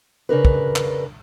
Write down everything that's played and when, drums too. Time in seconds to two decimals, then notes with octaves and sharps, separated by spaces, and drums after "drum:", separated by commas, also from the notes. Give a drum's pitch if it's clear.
0.29 C#3 D4 A#4 B4
0.45 drum: kick
0.76 drum: clap